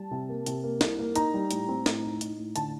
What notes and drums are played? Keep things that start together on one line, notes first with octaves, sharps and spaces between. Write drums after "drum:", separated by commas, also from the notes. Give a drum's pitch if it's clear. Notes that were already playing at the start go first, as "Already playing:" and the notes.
Already playing: G3 A5
C3
A#3
C3, drum: hi-hat
A#3
C2, drum: snare
A#3
D#4 A#5, drum: hi-hat
G3
A2, drum: hi-hat
C4
A2, drum: snare
D#4
D#4, drum: hi-hat
A2
D3 A5, drum: hi-hat